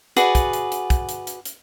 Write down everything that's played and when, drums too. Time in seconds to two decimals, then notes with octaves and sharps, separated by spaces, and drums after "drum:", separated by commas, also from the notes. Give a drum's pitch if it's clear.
0.17 F#4 G#4 B4 D5, drum: hi-hat
0.35 drum: kick, hi-hat
0.53 drum: hi-hat
0.72 drum: hi-hat
0.90 drum: kick, hi-hat
1.09 drum: hi-hat
1.27 drum: hi-hat
1.45 drum: hi-hat